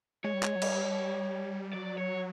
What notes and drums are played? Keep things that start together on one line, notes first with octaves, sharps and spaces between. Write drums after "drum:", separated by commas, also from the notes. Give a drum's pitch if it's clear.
G#3 C#5
G3
G#3, drum: clap
F#3
G3, drum: cymbal
F#3 D5
C#5